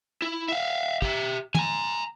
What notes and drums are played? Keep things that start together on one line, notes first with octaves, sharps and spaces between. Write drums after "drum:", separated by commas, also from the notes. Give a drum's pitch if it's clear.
E4
E5 F5
G4 E5, drum: kick
G#5 A#5, drum: tom